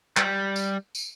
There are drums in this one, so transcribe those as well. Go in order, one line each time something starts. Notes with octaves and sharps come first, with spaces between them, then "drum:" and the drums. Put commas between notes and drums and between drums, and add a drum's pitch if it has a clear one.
G3, drum: clap
drum: tambourine
drum: tambourine